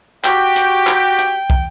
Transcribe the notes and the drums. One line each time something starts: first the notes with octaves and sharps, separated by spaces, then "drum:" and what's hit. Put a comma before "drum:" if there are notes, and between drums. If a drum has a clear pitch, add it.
F#4 G4 G5, drum: clap
drum: hi-hat
drum: clap
drum: hi-hat
drum: kick